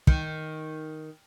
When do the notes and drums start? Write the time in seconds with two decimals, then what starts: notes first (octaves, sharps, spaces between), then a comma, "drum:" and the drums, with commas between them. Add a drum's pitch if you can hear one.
0.07 D#3, drum: kick